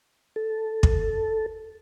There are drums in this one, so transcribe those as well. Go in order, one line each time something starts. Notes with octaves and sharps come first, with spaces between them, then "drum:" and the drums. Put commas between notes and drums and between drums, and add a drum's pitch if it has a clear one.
A4
drum: kick